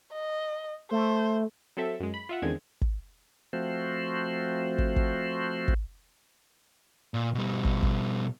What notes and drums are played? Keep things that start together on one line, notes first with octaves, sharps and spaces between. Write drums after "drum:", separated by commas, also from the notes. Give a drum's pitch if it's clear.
D#5
A3 C5
F#3 C4 A4 E5
F#2 G#3
B5
F4 E5 F#5
E2 D3 D#3 G#3 C4 G#6
drum: kick
F3 A3 C4 F#4 C5
drum: kick
drum: kick
drum: kick
A#2
B2 G3
drum: kick
drum: kick